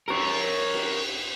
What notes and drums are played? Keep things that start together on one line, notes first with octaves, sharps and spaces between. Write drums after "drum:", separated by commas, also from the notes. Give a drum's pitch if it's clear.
A#4 C#5, drum: cymbal
drum: cymbal